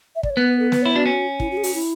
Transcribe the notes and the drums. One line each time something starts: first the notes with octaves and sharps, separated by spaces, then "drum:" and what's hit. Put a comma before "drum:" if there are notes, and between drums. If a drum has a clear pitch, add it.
E5
D5, drum: kick
C#5
B3 B4
B4
A4
B4, drum: snare
C#5
E4
D4 F#4
C#4
E4, drum: kick
F#4
G#4
F#4, drum: open hi-hat
E4